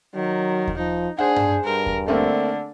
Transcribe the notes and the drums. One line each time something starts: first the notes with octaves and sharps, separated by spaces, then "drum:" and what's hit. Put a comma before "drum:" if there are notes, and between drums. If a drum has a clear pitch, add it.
D#3 F#3
drum: kick D#2
F3 D#4
D4 G#4 C5 F#5
drum: tom G2
G2 A#4
drum: kick D#2
D3 A3 A#3 C4